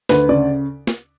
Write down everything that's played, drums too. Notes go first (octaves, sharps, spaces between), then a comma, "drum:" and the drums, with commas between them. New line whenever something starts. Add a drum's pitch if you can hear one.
D2 B4, drum: snare
C#3 D5
drum: snare